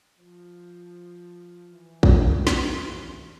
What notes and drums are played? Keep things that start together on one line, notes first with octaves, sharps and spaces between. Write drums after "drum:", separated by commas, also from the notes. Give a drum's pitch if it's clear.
F3
E3
drum: kick
E3, drum: snare